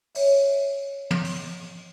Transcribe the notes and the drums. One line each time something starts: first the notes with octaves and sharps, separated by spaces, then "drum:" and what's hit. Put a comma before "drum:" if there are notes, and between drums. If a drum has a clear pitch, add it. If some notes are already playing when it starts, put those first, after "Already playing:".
C#5 E5, drum: open hi-hat
drum: tom
drum: open hi-hat